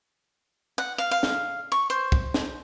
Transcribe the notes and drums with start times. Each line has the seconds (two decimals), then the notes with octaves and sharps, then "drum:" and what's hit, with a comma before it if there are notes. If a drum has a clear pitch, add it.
0.78 F#5
0.98 F5
1.11 F5
1.23 drum: snare
1.72 C#6
1.90 C5
2.12 drum: kick
2.34 drum: snare